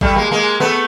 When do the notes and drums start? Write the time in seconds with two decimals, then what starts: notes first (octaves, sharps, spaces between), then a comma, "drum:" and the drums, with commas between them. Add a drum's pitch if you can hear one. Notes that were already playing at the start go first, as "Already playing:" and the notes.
0.01 G3 A3, drum: kick G#1
0.16 G#3 A#3
0.31 G#3 A#3
0.60 A3 B3